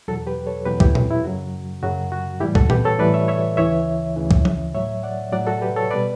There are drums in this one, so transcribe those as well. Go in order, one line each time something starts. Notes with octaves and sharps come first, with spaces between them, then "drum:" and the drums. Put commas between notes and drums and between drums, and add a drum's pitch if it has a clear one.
E2 B2 F#3 F#4 A4
G4 B4
A4 C#5
E2 B2 F#3 G4 B4
E4 G4, drum: kick
drum: tom A#2
E4
F#2 C#3 F#3 F#4
F#2 C#3 F#3 F#4
F#4
A2 E3 G3 E4 G4
F#4 A4, drum: kick
G4 B4, drum: tom A#2
A4 C#5
A2 E3 G3 B4 D5
C#5 E5
C#5 E5
D2 C#3 E3 C#5 E5
D2 C#3 E3
drum: kick
drum: tom F3
A2 F#3 C#5 E5
D5 F#5
A2 F#3 D5 F#5
F#4 A4
G4 B4
A4 C#5
B2 G3 B4 D5